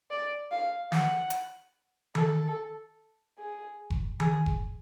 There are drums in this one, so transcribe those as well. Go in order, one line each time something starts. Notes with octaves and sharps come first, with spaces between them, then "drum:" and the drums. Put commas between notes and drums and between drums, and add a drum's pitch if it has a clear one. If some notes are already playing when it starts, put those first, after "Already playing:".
D5
F5
F#5, drum: snare
drum: hi-hat
A4, drum: tom D#3
G#4
drum: kick F1
G#4, drum: tom D#3
drum: kick F1